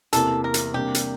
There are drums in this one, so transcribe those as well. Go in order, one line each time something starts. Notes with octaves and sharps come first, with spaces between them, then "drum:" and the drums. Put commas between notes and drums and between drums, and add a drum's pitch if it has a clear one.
E2 C3 E3 A#3 A4, drum: hi-hat
A#4
drum: hi-hat
C3 G3 A#3 D4 G4
drum: hi-hat